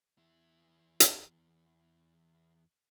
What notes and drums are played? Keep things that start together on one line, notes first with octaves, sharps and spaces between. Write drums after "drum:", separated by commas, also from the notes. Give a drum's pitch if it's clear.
E2 E4
drum: hi-hat